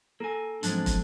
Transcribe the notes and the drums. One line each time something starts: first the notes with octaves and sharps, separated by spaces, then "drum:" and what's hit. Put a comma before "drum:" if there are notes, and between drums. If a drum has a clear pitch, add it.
A#3 A4 G#5
E2 G#2 F3 F#3 C4 D4, drum: hi-hat
drum: kick, hi-hat